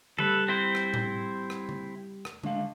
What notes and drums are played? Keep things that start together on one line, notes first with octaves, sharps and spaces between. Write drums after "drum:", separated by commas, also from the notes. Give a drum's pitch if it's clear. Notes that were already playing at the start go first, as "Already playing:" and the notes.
G3 A4 B4, drum: tom C#3
C4 E4 C5
drum: rim click
drum: tom A2
drum: rim click
drum: tom C#3
drum: rim click
D3 G#3 F5, drum: tom C#3